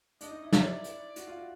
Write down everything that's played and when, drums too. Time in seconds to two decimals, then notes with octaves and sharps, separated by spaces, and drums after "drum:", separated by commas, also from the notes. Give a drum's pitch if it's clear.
0.21 D4 D#5, drum: hi-hat
0.31 D#4
0.42 E4
0.53 E4 D5, drum: snare
0.84 drum: hi-hat
1.16 F#4, drum: hi-hat
1.27 F4
1.37 F#4